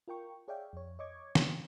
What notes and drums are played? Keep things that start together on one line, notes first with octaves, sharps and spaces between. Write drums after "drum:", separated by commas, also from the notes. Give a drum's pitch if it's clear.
F4 A#4 G5 C#6
G#4 C#5 D5 E5 F5 G5
F2 C#5
C#5 D#5 C#6 D6 G#6
A#3, drum: snare